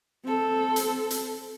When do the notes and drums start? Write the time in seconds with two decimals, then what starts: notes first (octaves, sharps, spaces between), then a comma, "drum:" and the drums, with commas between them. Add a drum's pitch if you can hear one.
0.24 C4 A4
0.76 drum: hi-hat
1.11 drum: hi-hat